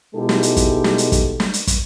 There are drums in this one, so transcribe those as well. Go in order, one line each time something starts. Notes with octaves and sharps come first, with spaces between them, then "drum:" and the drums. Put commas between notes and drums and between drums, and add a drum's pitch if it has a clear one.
B2 G#3 D#4 E4 G4 A4
drum: snare
drum: hi-hat
drum: kick, hi-hat
drum: snare
drum: hi-hat
drum: kick, hi-hat
drum: snare
drum: hi-hat
drum: kick, hi-hat